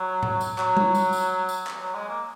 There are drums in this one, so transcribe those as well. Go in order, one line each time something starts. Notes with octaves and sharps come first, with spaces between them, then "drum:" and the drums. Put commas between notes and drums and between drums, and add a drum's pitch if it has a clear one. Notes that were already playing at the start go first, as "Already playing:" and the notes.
Already playing: F#3
drum: tom A2
drum: tambourine
F#3, drum: clap
drum: tom G3
drum: tambourine
drum: tambourine
drum: tambourine
drum: clap
F#3
G#3
A#3